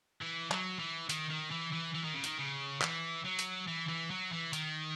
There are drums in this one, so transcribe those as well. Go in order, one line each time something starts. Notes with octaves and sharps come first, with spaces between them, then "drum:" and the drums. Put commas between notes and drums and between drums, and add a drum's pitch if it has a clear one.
E3
F#3, drum: clap
E3
D#3, drum: hi-hat
D#3
E3
E3
E3
D#3
C#3
D#3, drum: hi-hat
C#3
E3, drum: clap
F#3
drum: hi-hat
E3
E3
F#3
E3
D#3, drum: hi-hat